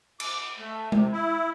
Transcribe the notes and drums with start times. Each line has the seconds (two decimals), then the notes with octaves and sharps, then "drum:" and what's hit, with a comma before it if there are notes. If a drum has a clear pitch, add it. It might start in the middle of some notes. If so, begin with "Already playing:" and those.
0.20 D6, drum: cymbal
0.59 A3
0.92 C3, drum: tom G#3
1.12 E4